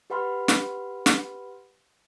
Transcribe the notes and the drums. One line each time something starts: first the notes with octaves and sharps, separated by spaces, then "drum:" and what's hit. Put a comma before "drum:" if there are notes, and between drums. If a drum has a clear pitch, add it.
G4 B4 F#5 B5 C6 F6
drum: snare
drum: snare